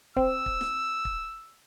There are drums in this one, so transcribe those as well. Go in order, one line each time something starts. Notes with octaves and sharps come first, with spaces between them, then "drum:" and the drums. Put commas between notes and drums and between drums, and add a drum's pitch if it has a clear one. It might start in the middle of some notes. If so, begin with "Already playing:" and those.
C4 E6, drum: kick
drum: kick
drum: snare
drum: kick